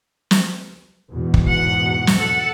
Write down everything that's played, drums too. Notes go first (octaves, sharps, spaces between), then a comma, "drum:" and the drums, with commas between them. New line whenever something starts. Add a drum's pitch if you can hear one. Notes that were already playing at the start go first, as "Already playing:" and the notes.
drum: snare
E2 G#2 B2
drum: kick
F#5
drum: snare
A4 F#5